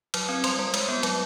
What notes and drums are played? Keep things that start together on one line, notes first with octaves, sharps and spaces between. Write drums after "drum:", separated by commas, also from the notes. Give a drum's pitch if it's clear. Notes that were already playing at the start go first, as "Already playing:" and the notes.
F#3 F6, drum: cymbal
C4
G3 C6, drum: cymbal
G3
G#3, drum: cymbal
B3
F#3, drum: cymbal